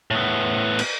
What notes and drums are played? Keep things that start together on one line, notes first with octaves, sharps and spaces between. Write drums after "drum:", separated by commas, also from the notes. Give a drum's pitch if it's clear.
A2 B3
drum: cymbal